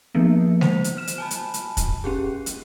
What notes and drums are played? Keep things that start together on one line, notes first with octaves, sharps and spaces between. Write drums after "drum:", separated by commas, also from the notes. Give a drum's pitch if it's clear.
F3 A#3 B3
C5, drum: snare G#3
drum: hi-hat
F6 E7
drum: hi-hat
G#5 A5 B5
drum: hi-hat
drum: hi-hat
drum: kick, hi-hat
C#4 G4 G#4
drum: hi-hat